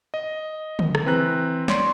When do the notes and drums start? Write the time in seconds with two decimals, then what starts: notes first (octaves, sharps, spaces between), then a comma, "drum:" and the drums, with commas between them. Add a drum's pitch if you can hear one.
0.14 D#5
0.79 drum: tom
0.95 drum: rim click
1.06 E3 C4 B4 A#5 F#6
1.68 C#5 D5 C6, drum: snare